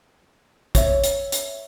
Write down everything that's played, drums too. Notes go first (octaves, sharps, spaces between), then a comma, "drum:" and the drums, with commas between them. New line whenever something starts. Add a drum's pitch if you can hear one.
C#5 E5, drum: kick, hi-hat
drum: hi-hat
drum: hi-hat